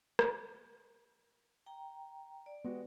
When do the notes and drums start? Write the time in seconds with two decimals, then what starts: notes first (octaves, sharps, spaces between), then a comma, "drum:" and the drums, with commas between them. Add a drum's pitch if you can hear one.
0.19 drum: rim click
1.66 G5 A#5
2.46 D5
2.65 G#3 B3 F#4 G4